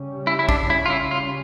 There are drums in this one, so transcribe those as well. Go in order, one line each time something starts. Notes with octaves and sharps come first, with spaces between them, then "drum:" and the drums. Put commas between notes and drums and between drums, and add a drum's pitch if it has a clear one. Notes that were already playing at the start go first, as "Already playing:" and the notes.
Already playing: C#3 G3 C#4
E4
E4
D4, drum: kick A#1
E4
F4
E4
F4